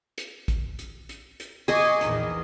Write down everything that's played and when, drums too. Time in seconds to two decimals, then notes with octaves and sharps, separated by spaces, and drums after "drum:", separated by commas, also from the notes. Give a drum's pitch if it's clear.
0.18 drum: hi-hat
0.48 drum: kick, hi-hat
0.79 drum: hi-hat
1.09 drum: hi-hat
1.40 drum: hi-hat
1.68 G#4 D#5 G#5 C#6 D6, drum: open hi-hat
2.01 A#1 E2 D#3, drum: hi-hat